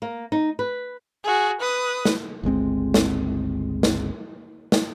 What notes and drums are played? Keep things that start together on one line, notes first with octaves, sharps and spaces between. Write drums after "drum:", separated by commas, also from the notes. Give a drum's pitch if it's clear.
A#3
D#4
B4
F#4 G#4
B4 D#6
drum: snare
G1 C#2 G#3 C4
drum: snare
drum: snare
drum: snare